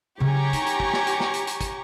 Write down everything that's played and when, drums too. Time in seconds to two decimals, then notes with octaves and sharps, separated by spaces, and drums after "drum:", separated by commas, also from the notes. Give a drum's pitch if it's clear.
0.20 C#3 F#3 G4 C#5 G#5 A#5 C#6
0.53 D#4, drum: hi-hat
0.66 drum: hi-hat
0.80 drum: kick
0.93 drum: snare
1.07 drum: hi-hat
1.20 drum: snare
1.34 drum: hi-hat
1.47 drum: hi-hat
1.61 drum: kick, hi-hat